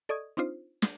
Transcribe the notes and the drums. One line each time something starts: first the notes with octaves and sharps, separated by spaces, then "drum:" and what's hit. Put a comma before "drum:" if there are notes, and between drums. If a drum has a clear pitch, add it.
A4 D5 D#5 C#6 D#6 G#6
C4 D4 D#4 F4 C5
drum: snare